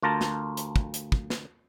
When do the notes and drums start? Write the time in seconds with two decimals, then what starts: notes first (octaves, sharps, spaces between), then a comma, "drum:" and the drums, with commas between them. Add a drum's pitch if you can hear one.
0.03 D2 F4 A#4 A5 A#5
0.21 drum: snare
0.57 drum: hi-hat
0.76 drum: kick
0.94 drum: hi-hat
1.12 drum: kick
1.30 drum: snare